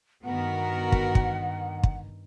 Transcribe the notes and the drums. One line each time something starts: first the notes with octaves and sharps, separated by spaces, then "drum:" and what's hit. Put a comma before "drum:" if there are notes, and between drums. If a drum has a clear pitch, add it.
G2 D#3 B3 F#4 A#4 F#5
drum: kick
drum: kick
drum: kick